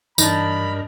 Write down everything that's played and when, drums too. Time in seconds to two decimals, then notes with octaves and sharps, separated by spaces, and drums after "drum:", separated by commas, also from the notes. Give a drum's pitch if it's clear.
0.18 G2 E3 D4 D#4 A#4 B5, drum: tambourine